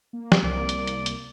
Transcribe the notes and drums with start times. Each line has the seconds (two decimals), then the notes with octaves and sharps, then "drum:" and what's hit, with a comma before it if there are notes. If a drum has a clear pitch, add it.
0.13 A#3
0.32 drum: snare
0.43 C2 A#3 D5
0.69 drum: hi-hat
0.87 drum: hi-hat
1.06 drum: hi-hat